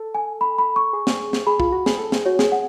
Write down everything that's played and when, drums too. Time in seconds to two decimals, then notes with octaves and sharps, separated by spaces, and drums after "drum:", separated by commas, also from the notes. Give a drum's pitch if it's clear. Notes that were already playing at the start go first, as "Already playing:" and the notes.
Already playing: A4
0.15 G#5
0.41 B5
0.58 B5
0.76 C#6
0.93 G#4
1.07 drum: snare
1.33 drum: snare
1.47 G#4 B5
1.60 F4, drum: kick
1.72 F#4
1.86 G#4, drum: snare
1.99 A4
2.12 G#4, drum: snare
2.25 F#4 C#5
2.39 G#4, drum: snare
2.52 F#5